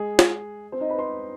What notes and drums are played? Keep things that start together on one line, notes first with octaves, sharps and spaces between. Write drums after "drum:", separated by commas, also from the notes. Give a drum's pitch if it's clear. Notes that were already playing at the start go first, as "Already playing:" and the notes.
Already playing: G#3 G#4
drum: snare F4
C4 C5
D#4 D#5
B4 B5
C5 C6